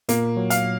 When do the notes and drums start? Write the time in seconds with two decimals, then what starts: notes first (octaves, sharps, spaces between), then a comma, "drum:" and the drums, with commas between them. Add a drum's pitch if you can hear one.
0.09 A#2 A#3, drum: hi-hat
0.37 F#3
0.50 F5, drum: hi-hat